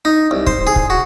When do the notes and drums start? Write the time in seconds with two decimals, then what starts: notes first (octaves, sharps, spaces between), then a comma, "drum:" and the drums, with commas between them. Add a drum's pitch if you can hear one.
0.05 D#4
0.31 C2
0.47 C5, drum: kick
0.67 G#4
0.76 drum: kick
0.90 F#4